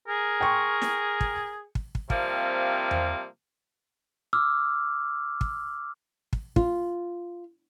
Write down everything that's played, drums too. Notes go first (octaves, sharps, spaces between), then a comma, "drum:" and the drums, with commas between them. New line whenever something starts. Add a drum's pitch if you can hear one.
G#4 A#4
G5 C6 C#6
drum: snare
drum: kick
drum: kick
drum: kick
C3 F3 G3 A#3 C4, drum: kick
drum: tom E2
D6 E6 F6
drum: kick
drum: kick
F4, drum: kick